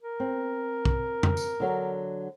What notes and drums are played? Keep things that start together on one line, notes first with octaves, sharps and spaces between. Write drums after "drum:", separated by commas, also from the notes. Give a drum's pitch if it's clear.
A#4
C4
drum: kick
drum: tom F2
drum: tambourine
D3 F#3 F#4